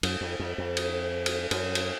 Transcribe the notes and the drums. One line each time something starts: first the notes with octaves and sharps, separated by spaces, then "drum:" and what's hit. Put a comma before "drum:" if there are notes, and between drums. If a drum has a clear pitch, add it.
F#2, drum: cymbal
F2
F2
F2
drum: cymbal
drum: cymbal
F#2, drum: cymbal
drum: cymbal